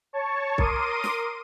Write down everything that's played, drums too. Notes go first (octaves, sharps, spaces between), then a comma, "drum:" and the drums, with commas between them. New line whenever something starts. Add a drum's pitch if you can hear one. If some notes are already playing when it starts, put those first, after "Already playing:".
C#5 A5 C#6
A#4 C6 D6 D#6 D#7, drum: kick C2
drum: snare